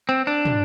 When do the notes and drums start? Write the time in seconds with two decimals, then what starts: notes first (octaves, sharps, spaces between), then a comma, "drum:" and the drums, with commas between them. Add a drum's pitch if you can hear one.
0.09 C4
0.27 D4
0.45 drum: tom